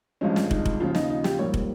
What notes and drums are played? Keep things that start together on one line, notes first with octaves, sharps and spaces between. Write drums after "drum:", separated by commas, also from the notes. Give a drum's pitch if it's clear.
G#1 G2 F3 G#3 C#4
drum: snare
D#4, drum: kick
drum: kick
D#2 C#3 F3 F4
D#4, drum: snare
D#4
G4, drum: snare
A#1 G#2 G3 A#3 C#5
drum: kick